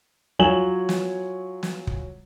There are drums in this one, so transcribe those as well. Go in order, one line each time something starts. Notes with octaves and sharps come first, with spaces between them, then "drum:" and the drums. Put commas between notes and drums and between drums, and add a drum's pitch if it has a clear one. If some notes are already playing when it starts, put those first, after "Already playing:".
F#3 F4 C#5 G#5 E7 F#7
drum: snare
drum: snare
drum: kick